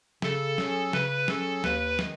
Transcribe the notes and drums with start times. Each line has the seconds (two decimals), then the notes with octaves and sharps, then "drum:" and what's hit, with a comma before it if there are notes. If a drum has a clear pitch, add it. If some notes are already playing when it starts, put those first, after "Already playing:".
0.22 C#3 A4, drum: snare
0.58 F#3 C#4 G#4, drum: snare
0.93 C#3 B4, drum: snare
1.28 F#3 C#4 G#4 A4, drum: snare
1.64 D#2 B4, drum: snare
1.99 D#3 G#3, drum: snare